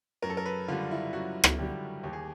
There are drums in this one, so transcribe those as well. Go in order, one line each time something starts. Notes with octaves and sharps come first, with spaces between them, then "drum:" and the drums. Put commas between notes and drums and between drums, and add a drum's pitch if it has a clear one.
F#2 A#4
A4
A#4
B4
D3 G3 F4
E4
F#2 F#4
drum: rim click
D3 G3 G4
D#2 G4
G#4